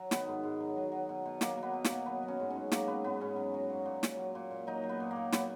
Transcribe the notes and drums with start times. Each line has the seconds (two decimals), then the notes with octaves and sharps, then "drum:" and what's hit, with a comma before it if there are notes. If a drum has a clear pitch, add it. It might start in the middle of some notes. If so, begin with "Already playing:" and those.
Already playing: F#3
0.11 D#3 B3, drum: snare
0.27 G#2
0.43 G#2
0.60 F#3
0.76 F#3
0.92 F#3
1.09 B2
1.26 B2
1.41 F#3 A#3, drum: snare
1.57 F#3
1.63 B3
1.74 B2
1.84 A#3, drum: snare
1.91 B2
2.06 F#3 B3
2.23 F#3
2.28 C#4
2.40 G#2
2.50 C#4
2.56 G#2
2.72 F#3 A#3, drum: snare
2.88 F#3 B3
3.04 G#2 B3
3.21 G#2 C#4
3.36 F#3
3.54 F#3
3.70 A#2
3.86 A#2
4.03 F#3, drum: snare
4.18 F#3
4.35 A#2
4.51 A#2
4.67 F#3 D#4
4.84 F#3
4.89 B3
5.00 A#2
5.11 A#3
5.16 A#2
5.32 F#3 B3, drum: snare